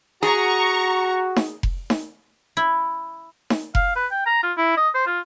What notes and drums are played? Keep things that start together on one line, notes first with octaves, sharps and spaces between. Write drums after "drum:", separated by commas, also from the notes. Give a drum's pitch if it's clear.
F#4 G#4 A#5 C#6
drum: snare D#4
drum: kick F1
drum: snare D#4
E4
drum: snare D#4
F5, drum: kick F1
B4
G5
A#5
F4
E4
D#5
C5
F4